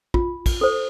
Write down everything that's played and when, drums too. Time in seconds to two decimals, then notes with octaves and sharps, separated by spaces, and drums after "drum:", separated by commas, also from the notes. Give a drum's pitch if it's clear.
0.14 F4, drum: kick
0.46 drum: kick, cymbal
0.61 A4 C5